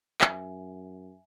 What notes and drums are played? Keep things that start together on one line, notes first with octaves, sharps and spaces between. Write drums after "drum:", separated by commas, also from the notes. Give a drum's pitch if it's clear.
F#2 E5 G#5, drum: clap